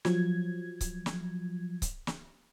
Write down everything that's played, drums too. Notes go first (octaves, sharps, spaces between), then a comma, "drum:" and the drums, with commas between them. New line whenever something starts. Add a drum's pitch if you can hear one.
F3 F#3 G#6, drum: snare
drum: kick C#1, hi-hat
drum: snare
drum: kick C#1, hi-hat
drum: snare